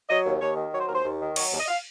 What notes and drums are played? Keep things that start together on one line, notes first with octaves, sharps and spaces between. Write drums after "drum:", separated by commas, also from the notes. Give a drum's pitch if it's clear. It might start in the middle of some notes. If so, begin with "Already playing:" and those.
F#3 D#5
D#2
D#2 C#5
D#3
F#3 C#5
C5
D#2 A#4
C5
D#2
D#3
F#3 C#5, drum: cymbal
D#2
D#5
F5